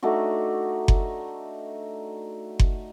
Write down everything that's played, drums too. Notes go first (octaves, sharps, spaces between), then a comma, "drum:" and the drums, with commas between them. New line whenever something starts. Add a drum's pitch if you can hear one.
A3 D4 D#4 F#4
drum: kick F#1
drum: kick F#1